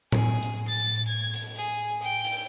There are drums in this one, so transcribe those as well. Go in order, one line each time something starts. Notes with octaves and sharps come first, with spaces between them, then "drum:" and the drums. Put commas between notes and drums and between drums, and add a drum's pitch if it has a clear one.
G#4, drum: tom A2
drum: hi-hat
A6
G#6
drum: hi-hat
G#4
G5
drum: hi-hat